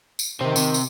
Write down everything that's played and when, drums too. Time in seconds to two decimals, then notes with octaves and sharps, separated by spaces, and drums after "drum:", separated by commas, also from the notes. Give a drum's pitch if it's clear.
0.19 drum: tambourine
0.41 C3 D#3 C4
0.56 C3, drum: tambourine
0.74 drum: tambourine